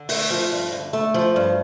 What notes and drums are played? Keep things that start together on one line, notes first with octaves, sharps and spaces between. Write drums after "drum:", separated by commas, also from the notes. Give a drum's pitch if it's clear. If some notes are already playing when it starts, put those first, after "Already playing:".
Already playing: D3
A3, drum: open hi-hat
F3
G2
D3
A3
F3
G2